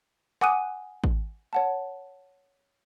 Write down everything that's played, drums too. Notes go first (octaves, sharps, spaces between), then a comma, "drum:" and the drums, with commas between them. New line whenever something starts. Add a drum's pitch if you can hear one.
F#5 G#5 D6 D#6 F#6 D#7, drum: rim click
drum: kick
C#5 F#5 A5